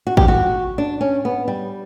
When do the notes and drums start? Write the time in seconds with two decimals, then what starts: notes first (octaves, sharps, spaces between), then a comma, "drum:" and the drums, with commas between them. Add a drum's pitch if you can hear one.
0.07 F#4
0.17 G4, drum: kick
0.28 F#4
0.78 D4
1.01 C#4
1.25 B3
1.48 G3